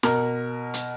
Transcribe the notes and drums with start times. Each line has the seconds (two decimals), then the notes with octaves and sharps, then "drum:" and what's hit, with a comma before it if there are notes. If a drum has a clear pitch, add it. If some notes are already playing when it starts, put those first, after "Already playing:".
0.03 B2 A#4, drum: snare
0.74 drum: hi-hat